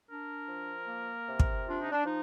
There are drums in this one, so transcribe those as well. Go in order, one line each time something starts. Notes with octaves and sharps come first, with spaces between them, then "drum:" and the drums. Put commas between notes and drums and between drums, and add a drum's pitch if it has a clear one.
D4 A#4
F3
A#3
C3
drum: kick
D4 F4
D#4
D4
F3 D#4